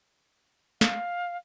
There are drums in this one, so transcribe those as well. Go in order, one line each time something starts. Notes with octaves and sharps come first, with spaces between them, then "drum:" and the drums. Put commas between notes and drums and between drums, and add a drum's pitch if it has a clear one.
F5, drum: snare